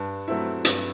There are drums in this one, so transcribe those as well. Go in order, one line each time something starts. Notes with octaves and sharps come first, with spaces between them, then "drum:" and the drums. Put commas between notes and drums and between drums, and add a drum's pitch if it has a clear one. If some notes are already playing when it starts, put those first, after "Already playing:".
Already playing: G2 A5
F#3 A3 C4 E4 E5
G2, drum: hi-hat